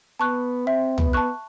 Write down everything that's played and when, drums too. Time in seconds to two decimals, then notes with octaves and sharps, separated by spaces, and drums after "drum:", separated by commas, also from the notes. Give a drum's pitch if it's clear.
0.19 B3 A5 C#6 F#6
0.66 C4 E5
0.98 B3, drum: tom
1.13 A5 C#6 F#6